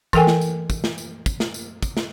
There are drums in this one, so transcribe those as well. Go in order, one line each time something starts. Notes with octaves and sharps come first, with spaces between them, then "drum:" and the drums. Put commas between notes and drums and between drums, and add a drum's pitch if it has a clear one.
E3 A4 A#4 G5 G#5, drum: kick, tambourine
drum: snare
drum: tambourine
drum: kick, tambourine
drum: snare
drum: tambourine
drum: kick, tambourine
drum: snare
drum: tambourine
drum: kick, tambourine
drum: snare